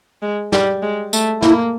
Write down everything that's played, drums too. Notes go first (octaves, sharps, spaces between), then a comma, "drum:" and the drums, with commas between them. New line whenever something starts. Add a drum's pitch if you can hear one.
G#3
G3, drum: snare
G#3
A3, drum: tambourine
A#3 E4, drum: snare